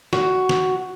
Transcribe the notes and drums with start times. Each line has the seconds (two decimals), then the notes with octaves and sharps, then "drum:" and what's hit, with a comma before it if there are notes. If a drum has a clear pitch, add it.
0.13 F#4, drum: snare
0.49 drum: snare